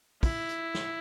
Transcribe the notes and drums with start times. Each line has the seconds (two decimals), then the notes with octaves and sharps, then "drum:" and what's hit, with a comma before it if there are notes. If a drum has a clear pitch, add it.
0.23 E4, drum: kick, open hi-hat
0.49 drum: hi-hat
0.74 drum: snare